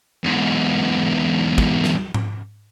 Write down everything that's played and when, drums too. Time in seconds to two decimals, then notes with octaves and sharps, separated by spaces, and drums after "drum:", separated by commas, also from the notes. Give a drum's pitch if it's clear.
0.24 E2 G#2
1.58 drum: kick
1.84 drum: snare
2.14 drum: tom G#2